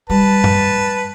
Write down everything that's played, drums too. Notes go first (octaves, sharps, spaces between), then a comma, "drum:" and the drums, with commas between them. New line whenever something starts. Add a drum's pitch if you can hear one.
G3 B4 A5
drum: tom G2